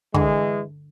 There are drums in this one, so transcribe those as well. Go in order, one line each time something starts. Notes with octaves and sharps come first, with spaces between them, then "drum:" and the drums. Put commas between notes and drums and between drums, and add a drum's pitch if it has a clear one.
D3 E3 G#3, drum: kick